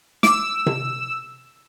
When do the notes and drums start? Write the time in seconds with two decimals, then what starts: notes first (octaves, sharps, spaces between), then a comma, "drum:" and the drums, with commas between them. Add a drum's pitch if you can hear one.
0.23 D6 E6, drum: snare
0.66 drum: tom C3